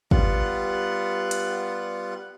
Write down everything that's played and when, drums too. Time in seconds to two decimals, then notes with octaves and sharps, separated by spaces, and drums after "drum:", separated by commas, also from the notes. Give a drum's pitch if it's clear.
0.11 G3 B3 F4 F#5, drum: kick
1.31 drum: hi-hat